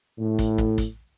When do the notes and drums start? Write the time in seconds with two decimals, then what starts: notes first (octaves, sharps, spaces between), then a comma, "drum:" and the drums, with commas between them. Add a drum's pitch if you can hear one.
0.19 A2
0.39 drum: kick, hi-hat
0.58 drum: kick
0.78 drum: kick, hi-hat